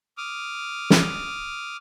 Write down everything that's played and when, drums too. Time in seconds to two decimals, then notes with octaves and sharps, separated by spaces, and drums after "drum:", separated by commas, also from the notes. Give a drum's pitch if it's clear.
0.18 D6 D#6 F6
0.90 drum: snare